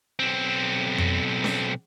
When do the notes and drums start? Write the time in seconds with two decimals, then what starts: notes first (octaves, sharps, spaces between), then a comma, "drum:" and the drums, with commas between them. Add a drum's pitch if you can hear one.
0.19 B1 C4
0.98 drum: tom F2
1.44 drum: snare C#4